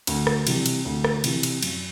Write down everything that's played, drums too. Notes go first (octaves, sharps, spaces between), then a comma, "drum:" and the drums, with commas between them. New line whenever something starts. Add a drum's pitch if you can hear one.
D2, drum: cymbal
drum: rim click
C3 E3 G3, drum: cymbal
drum: cymbal
D2
drum: rim click
C3 E3, drum: cymbal
drum: cymbal
F#2, drum: cymbal